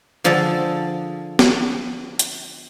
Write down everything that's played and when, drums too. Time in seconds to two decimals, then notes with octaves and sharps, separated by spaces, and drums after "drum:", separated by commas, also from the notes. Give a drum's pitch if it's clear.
0.24 D3 F3 D4 G#4 A4 D5
1.39 drum: snare
2.19 drum: hi-hat